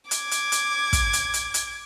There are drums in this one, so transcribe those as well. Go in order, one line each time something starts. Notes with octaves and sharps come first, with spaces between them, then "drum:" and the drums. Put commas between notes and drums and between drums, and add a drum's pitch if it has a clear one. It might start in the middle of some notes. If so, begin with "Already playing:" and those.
D6 G#6, drum: hi-hat
drum: hi-hat
drum: hi-hat
drum: kick, hi-hat
drum: hi-hat
drum: hi-hat
drum: hi-hat